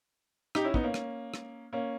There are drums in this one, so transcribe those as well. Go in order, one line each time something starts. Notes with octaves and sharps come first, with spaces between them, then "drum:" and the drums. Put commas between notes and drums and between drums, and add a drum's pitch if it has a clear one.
D#4 G4, drum: rim click
C#4 E4
B3 D#4, drum: kick
A#3 C#4
drum: rim click
drum: rim click
A#3 C#4